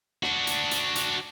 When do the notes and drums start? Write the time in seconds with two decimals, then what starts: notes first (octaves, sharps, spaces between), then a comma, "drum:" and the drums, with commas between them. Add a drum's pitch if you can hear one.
0.23 D4 F#4, drum: snare
0.47 drum: hi-hat
0.71 drum: hi-hat
0.96 drum: hi-hat